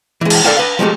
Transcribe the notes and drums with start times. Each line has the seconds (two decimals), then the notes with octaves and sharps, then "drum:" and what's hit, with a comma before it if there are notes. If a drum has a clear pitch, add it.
0.21 E3 G#3
0.30 drum: cymbal
0.44 A4 A#4 D5 F5 G5 A5
0.57 B4 F5
0.79 F3 G#3 A3 G4